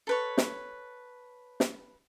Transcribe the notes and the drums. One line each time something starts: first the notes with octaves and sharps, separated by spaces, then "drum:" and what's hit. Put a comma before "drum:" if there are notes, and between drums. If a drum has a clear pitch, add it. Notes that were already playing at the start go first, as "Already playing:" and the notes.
A4 B4 C#5
drum: snare
drum: snare